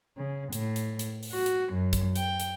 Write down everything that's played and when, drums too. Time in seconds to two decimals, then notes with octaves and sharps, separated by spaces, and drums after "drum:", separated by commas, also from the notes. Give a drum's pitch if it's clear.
0.17 C#3
0.53 A2, drum: hi-hat
0.76 drum: hi-hat
0.99 drum: hi-hat
1.23 drum: open hi-hat
1.32 F#4
1.46 drum: hi-hat
1.73 F#2
1.93 drum: kick, hi-hat
2.16 G5, drum: hi-hat
2.40 drum: hi-hat